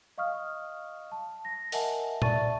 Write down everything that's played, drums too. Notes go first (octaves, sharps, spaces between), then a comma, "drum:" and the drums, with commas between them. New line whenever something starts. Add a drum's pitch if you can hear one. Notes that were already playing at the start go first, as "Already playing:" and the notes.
D#5 F5 C#6 D#6 F6
A5
A#6
A#4 D#5 E5 F#5 G#5 A5, drum: open hi-hat
D5 E5 A5 C#6 A6 D#7, drum: tom A#2